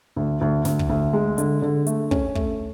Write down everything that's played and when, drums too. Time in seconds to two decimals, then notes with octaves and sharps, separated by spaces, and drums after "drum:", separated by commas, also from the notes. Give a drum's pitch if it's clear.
0.16 D2
0.41 D2
0.65 D2, drum: snare
0.79 drum: kick
0.89 D2
1.13 G#3
1.38 D3, drum: hi-hat
1.62 D3
1.87 A3, drum: hi-hat
2.11 C#4, drum: kick
2.35 A3, drum: kick